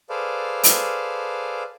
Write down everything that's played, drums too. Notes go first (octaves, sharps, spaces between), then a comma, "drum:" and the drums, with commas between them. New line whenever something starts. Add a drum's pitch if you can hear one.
G#4 A4 B4 C5 D5 F5
drum: hi-hat